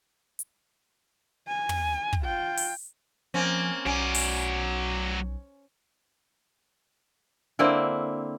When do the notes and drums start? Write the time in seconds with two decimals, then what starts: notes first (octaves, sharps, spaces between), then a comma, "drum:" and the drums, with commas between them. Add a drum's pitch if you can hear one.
0.39 drum: hi-hat
1.48 G#5
1.69 drum: tom
2.13 drum: kick
2.22 F4 G5
2.57 drum: open hi-hat
3.34 F3 A#3 C4 C#4
3.86 B1 F#3 C#4 D5
4.14 drum: open hi-hat
7.59 D3 A#3 C4 E4